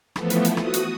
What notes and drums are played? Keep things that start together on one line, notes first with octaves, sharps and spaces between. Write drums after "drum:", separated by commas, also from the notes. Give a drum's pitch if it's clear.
E3 F3 A3 B3, drum: rim click
drum: hi-hat
drum: hi-hat
F#4 D#6, drum: rim click
drum: hi-hat